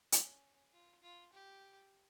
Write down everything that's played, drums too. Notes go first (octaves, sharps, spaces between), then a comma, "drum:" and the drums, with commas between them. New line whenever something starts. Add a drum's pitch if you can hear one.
C#4, drum: hi-hat
F4
F4
G4